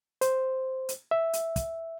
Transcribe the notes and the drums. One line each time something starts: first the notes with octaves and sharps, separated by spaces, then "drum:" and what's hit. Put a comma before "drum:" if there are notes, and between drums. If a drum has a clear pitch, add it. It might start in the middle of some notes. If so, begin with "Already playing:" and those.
C5, drum: hi-hat
drum: hi-hat
E5
drum: hi-hat
drum: kick, hi-hat